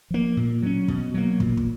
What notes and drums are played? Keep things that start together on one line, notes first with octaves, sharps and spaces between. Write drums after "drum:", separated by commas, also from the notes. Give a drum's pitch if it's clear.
F3 A#3
A#2
F#3 C#4
B2, drum: kick
F#3 A#3
A#2, drum: kick
drum: kick